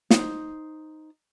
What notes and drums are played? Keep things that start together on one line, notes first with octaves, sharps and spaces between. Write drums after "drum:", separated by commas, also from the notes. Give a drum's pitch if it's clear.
D#4 C5, drum: snare